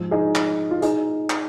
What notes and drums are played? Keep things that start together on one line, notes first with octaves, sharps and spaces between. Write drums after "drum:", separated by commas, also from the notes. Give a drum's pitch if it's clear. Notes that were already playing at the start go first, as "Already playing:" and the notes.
Already playing: G#2 F3
D#4 G#4
drum: clap
F4
D#4 G#4, drum: hi-hat
drum: clap